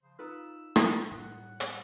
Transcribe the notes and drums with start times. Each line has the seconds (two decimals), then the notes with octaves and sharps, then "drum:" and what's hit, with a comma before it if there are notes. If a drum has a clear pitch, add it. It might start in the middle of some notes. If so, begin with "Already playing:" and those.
0.03 C#3 F3 C5
0.19 D#4 F4 B4 E6
0.76 drum: rim click
1.12 A2 G3 F#5
1.60 drum: hi-hat